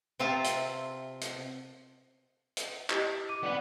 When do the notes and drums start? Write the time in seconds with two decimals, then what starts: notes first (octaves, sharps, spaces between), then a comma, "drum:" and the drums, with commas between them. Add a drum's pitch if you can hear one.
0.19 C3 C4 F4 E5 A5
0.44 drum: hi-hat
1.21 drum: hi-hat
2.57 drum: hi-hat
2.90 E4 G4 D#5, drum: clap
3.29 D6 D#7
3.44 B3 D5 F#5